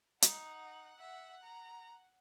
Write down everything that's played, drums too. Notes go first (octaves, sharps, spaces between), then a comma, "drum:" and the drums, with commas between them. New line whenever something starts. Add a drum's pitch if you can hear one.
D#4 F#5, drum: hi-hat
E5
A#5